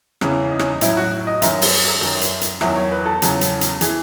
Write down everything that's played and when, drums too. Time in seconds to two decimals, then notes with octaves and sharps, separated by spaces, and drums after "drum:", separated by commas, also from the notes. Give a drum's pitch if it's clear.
0.21 E2 C#3 E3 C#4, drum: rim click
0.51 D#4
0.59 C#4, drum: rim click
0.68 D#4
0.81 A2 F#3 E4, drum: hi-hat
0.97 F#4
1.27 D#5
1.42 F#2 D#3 F#3 E5, drum: hi-hat
1.62 drum: open hi-hat
2.01 F#2 D#3 F#3
2.21 drum: hi-hat
2.41 drum: hi-hat
2.61 E2 D#3 F#3 E5, drum: rim click
2.76 C#5
2.92 B4
3.06 A4
3.22 E2 C#3 F#3, drum: hi-hat
3.41 drum: hi-hat
3.61 drum: hi-hat
3.81 E3 G#4, drum: hi-hat